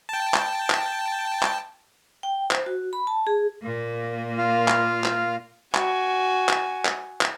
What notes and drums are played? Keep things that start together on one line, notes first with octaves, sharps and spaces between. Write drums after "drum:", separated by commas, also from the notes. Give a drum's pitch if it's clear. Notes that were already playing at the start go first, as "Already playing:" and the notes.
G5 A5
drum: clap
drum: clap
drum: clap
G5
C5, drum: clap
F#4
B5
A5
G#4
A#2 A#3
F4 F5
drum: clap
drum: clap
F#4 G#5, drum: clap
drum: clap
drum: clap
drum: clap